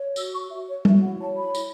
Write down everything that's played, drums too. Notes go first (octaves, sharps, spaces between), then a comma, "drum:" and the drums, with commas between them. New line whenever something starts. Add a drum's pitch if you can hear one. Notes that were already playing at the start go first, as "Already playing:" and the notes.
Already playing: C#5
F#4 E6, drum: tambourine
C#6
F#4 E5
C#5
E4 E5, drum: tom G3
F#5
C#5 A5
B5
E4, drum: tambourine